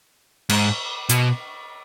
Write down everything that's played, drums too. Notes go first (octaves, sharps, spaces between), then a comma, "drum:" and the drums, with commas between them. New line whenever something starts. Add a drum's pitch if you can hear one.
G#2, drum: cymbal
B2, drum: hi-hat